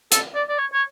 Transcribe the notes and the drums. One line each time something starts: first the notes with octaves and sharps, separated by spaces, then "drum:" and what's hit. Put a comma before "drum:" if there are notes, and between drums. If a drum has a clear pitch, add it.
A4, drum: hi-hat
D5
D5
C#5
C#5